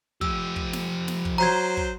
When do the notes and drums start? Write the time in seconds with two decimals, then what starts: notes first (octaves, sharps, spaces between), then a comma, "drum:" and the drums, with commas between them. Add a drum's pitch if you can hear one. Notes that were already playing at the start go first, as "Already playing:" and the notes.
0.21 F3 G4 E6, drum: kick
0.56 drum: kick
0.73 drum: snare
1.08 drum: snare
1.25 drum: kick
1.38 F#3 C5 A#5 G#6
1.77 drum: kick